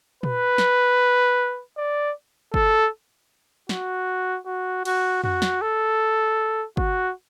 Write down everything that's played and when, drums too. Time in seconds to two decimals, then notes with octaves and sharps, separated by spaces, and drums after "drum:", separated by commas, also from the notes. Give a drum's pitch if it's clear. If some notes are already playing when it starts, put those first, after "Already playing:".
0.23 B4, drum: tom A#2
0.58 drum: snare
1.77 D5
2.54 A4, drum: kick G1
3.69 F#4, drum: snare
4.46 F#4
4.85 F#4, drum: cymbal
5.24 F#4, drum: tom F2
5.42 drum: snare
5.62 A4
6.77 F#4, drum: kick G1